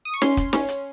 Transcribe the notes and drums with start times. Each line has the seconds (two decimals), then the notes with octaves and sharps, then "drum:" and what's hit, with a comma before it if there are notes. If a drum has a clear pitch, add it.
0.05 D#6
0.14 C#6
0.22 C#4 C6, drum: snare
0.37 drum: kick, hi-hat
0.53 C#4, drum: snare
0.69 drum: hi-hat